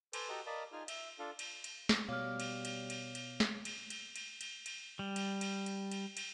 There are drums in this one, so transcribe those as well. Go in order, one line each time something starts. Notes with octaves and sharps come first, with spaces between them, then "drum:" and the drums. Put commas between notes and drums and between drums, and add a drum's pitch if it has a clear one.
A4 B4 C5 G#5 D6, drum: cymbal
F#4 G4 A4 D#5 F#5 A#5
A#4 D5 D#5 F5 A5 B5
D#4 F4 G#4 G#5 F6
E5, drum: cymbal
D4 F4 A4 F5
drum: cymbal
drum: cymbal
drum: snare
B2 G3 C#5 F5 D6 F6
drum: cymbal
drum: cymbal
drum: cymbal
drum: cymbal
drum: snare
drum: cymbal
drum: cymbal
drum: cymbal
drum: cymbal
drum: cymbal
G3
drum: cymbal
drum: cymbal
drum: cymbal
drum: cymbal
drum: cymbal